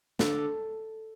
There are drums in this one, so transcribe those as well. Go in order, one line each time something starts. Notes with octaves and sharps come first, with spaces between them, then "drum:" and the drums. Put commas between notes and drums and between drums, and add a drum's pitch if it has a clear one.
D3, drum: snare